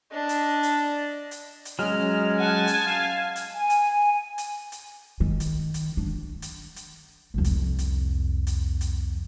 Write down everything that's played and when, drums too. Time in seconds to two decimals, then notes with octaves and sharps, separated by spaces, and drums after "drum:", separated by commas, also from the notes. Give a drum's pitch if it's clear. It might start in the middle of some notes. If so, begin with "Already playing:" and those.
0.12 D4 D#5
0.29 drum: hi-hat
0.63 drum: hi-hat
1.31 drum: hi-hat
1.65 drum: hi-hat
1.79 F#3 G#3 C#4 F6
2.40 F#5 G#5 A5
2.67 drum: hi-hat
2.85 F5
3.36 drum: hi-hat
3.55 G#5
3.70 drum: hi-hat
4.38 drum: hi-hat
4.72 drum: hi-hat
5.20 D#3
5.40 drum: hi-hat
5.74 drum: hi-hat
5.97 D4
6.42 drum: hi-hat
6.76 drum: hi-hat
7.34 C2 F2
7.44 drum: hi-hat
7.79 drum: hi-hat
8.47 drum: hi-hat
8.81 drum: hi-hat